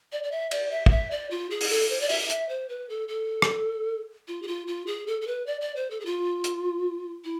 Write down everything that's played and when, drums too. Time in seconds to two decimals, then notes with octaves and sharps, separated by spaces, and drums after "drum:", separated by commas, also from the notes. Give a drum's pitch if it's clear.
0.12 D5
0.23 D5
0.32 E5
0.51 D5, drum: cymbal
0.71 E5
0.86 F5, drum: kick
0.90 E5
1.11 D5
1.31 F4
1.50 G#4
1.61 drum: open hi-hat
1.70 A4
1.90 C5
2.01 D5
2.09 E5, drum: open hi-hat
2.30 E5, drum: hi-hat
2.49 C5
2.69 B4
2.89 A4
3.08 A4
3.42 drum: rim click
4.28 F4
4.42 G#4
4.48 F4
4.67 F4
4.87 G#4
5.07 A4
5.22 A4
5.27 B4
5.47 D5
5.61 D5
5.76 C5
5.91 A4
6.00 G#4
6.05 F4
6.44 drum: hi-hat
7.24 E4